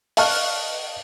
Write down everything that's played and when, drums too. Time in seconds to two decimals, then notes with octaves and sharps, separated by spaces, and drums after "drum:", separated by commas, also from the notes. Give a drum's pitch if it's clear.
0.17 D#5 F5 A5 C#6 F6 F#6, drum: open hi-hat